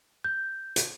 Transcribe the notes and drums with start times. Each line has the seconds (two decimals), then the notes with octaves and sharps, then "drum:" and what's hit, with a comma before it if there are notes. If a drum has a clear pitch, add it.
0.24 G6
0.76 drum: hi-hat